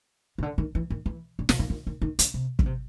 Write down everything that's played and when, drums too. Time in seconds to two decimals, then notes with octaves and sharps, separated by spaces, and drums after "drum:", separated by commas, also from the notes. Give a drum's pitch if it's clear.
0.38 C#3
0.43 D3
0.58 D#3
0.75 E3
0.90 D#3
1.06 E3
1.39 D3
1.49 C3, drum: snare
1.59 D#3
1.70 D#3
1.87 D#3
2.02 D#3
2.19 D3, drum: hi-hat
2.34 C3
2.59 C#3, drum: kick
2.66 C3